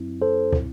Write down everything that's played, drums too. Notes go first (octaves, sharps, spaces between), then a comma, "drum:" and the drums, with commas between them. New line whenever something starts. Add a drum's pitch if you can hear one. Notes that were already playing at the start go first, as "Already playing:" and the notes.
Already playing: F#2 F#3 C4 E4
A4 C5
drum: kick